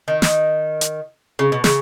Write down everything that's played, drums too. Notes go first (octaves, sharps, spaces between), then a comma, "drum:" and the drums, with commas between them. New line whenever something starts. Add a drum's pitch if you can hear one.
D#3
drum: snare
drum: hi-hat
C#3
B2
C#3, drum: snare